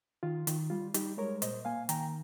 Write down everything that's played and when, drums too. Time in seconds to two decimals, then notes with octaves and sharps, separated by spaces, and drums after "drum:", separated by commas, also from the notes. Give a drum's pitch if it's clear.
0.23 D#3 F4
0.47 D#3, drum: hi-hat
0.70 G3 F4
0.94 G3 D#4 G4, drum: hi-hat
1.17 G#3 A#4 C#5
1.42 A#2 C5 D#5, drum: hi-hat
1.65 A#3 F5 G#5
1.89 D#3 G5 A#5, drum: hi-hat